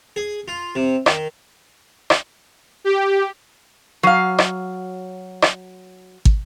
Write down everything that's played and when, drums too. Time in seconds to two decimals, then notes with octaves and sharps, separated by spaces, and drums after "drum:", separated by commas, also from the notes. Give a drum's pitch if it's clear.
0.16 G#4
0.48 F4
0.75 C3
1.06 D#3, drum: rim click
2.10 drum: rim click
2.84 G4
4.03 F#3 F5
4.38 drum: rim click
5.42 drum: rim click
6.25 drum: kick